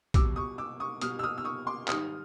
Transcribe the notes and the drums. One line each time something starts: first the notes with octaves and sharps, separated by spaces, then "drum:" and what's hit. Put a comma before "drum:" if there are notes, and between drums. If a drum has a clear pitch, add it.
B2 G3 D6 E6, drum: kick A#1, hi-hat
C#6 D#6
D6 E6
C#6 D#6
B2 G3 D#6 F6, drum: hi-hat
E6
D#6 F6
E6
C#6 D#6
C6 D6
G#2 D#3 G3 D#6 F6, drum: clap